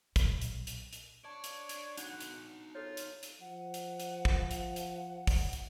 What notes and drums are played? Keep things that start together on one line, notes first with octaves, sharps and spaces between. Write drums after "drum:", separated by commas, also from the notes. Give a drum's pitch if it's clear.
B1 A#2, drum: kick, hi-hat
drum: hi-hat
drum: hi-hat
drum: hi-hat
C#5 D5 A5
drum: hi-hat
drum: hi-hat
D4 D#4 F#4 F#5, drum: hi-hat
drum: hi-hat
F4 A4 C#5
drum: hi-hat
drum: hi-hat
F3 F#5
drum: hi-hat
drum: hi-hat
drum: kick
drum: hi-hat
drum: hi-hat
drum: kick, open hi-hat
drum: hi-hat